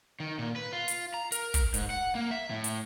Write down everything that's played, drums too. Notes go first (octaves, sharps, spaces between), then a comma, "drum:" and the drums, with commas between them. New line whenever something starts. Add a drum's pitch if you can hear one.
D#3
A#2
B4
F4
drum: hi-hat
A#5
A#4, drum: hi-hat
drum: kick, hi-hat
G#2, drum: hi-hat
F#5
A#3
E5
A2
drum: hi-hat